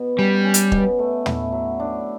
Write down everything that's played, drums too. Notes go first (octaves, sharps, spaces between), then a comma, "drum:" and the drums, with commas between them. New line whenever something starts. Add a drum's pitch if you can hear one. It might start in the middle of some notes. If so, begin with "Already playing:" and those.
Already playing: B2 B3
G3 C#4
C#4
drum: hi-hat
B2, drum: kick
A3
E4, drum: tom
F#3
D4